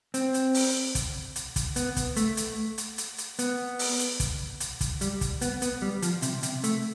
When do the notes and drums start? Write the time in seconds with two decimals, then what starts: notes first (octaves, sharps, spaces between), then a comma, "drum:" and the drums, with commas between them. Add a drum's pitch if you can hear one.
0.14 C4, drum: hi-hat
0.34 drum: hi-hat
0.54 drum: open hi-hat
0.95 drum: kick, hi-hat
1.36 drum: hi-hat
1.56 drum: kick, hi-hat
1.76 B3, drum: hi-hat
1.97 drum: kick, hi-hat
2.16 A3, drum: hi-hat
2.37 drum: hi-hat
2.78 drum: hi-hat
2.98 drum: hi-hat
3.18 drum: hi-hat
3.39 B3, drum: hi-hat
3.79 drum: open hi-hat
3.99 drum: hi-hat
4.20 drum: kick, hi-hat
4.60 drum: hi-hat
4.81 drum: kick, hi-hat
5.01 G3, drum: hi-hat
5.21 drum: kick, hi-hat
5.41 B3, drum: hi-hat
5.62 B3, drum: hi-hat
5.82 G3
6.02 F3, drum: hi-hat
6.22 C3, drum: hi-hat
6.43 C3, drum: hi-hat
6.64 A3, drum: hi-hat